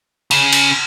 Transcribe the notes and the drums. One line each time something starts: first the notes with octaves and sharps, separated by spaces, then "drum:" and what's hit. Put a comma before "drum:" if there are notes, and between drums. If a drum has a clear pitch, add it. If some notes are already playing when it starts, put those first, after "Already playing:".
C#3, drum: cymbal
drum: cymbal